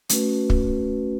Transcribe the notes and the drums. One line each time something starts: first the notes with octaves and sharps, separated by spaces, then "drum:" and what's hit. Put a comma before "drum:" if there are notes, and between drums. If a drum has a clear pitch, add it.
A3 C#4 F#4 B4, drum: hi-hat
drum: kick